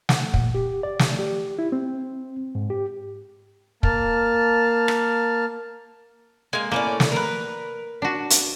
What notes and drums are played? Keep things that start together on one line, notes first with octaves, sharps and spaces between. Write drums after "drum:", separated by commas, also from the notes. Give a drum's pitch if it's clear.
F#5, drum: snare
A#2, drum: kick
G4
D5
drum: snare
G4
E4
C4
G#2
G4
A#3 A5 F6, drum: kick
drum: rim click
G#3 A#3 G#5
A2 A#3 C#4 D5
drum: snare
A#4 B4
D4 F#4
drum: hi-hat